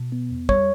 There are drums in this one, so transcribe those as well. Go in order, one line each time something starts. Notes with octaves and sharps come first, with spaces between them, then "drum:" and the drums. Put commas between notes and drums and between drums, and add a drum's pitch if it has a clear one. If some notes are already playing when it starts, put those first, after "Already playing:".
Already playing: B2
B3
E2
G3 C#5, drum: kick